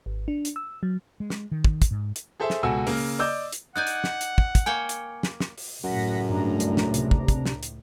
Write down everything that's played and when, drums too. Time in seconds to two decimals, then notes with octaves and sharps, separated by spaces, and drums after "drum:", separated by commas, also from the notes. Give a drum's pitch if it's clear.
0.06 G#1
0.28 D4
0.45 drum: hi-hat
0.56 E6
0.83 F#3
1.20 G#3
1.30 drum: snare
1.52 D#3
1.65 drum: kick
1.82 drum: kick, hi-hat
1.91 G#2
2.16 drum: hi-hat
2.40 G#4 A4 C5 E5 A5
2.50 drum: snare
2.63 C#2 B2 F#4 A4 G#5 E6
2.87 C#3 A#3, drum: open hi-hat
3.19 D5 D#5 D6 E6 G6
3.52 drum: hi-hat
3.76 D#4 D5 F#5 G#5 F#6 G6
3.87 drum: hi-hat
4.04 drum: snare
4.21 drum: hi-hat
4.38 drum: kick
4.55 drum: kick, hi-hat
4.66 A#3 C#5 G5 G#5 C#7
4.89 drum: hi-hat
5.23 drum: snare
5.40 drum: snare
5.58 drum: open hi-hat
5.84 C#2 F#2 A2 F#5 A#6 B6
6.30 G2 D4 A#5
6.60 drum: hi-hat
6.77 drum: snare
6.94 C3, drum: hi-hat
7.11 drum: kick
7.28 drum: kick, hi-hat
7.46 drum: snare
7.63 drum: hi-hat